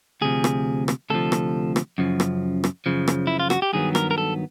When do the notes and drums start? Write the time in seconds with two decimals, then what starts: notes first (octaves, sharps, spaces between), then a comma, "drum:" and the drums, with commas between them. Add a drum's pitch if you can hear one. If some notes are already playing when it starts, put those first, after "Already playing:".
0.21 D2 C3 F3 G#4
0.44 drum: rim click
0.88 drum: rim click
1.10 D2 C3 F3 A4
1.32 drum: rim click
1.76 drum: rim click
1.98 F#2 C#3 F3
2.20 drum: rim click
2.64 drum: rim click
2.86 F#2 C#3 F3
3.08 drum: rim click
3.27 E4
3.40 F4
3.50 F#4, drum: rim click
3.62 G4
3.73 G2 D#3 F#3 B3 G#4
3.95 A#4, drum: rim click
4.11 A#4
4.18 A4